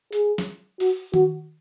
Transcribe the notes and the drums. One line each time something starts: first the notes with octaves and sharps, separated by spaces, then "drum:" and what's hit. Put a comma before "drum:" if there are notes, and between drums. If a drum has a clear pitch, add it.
G#4, drum: hi-hat
drum: snare
F#4, drum: open hi-hat
F#4, drum: tom D#3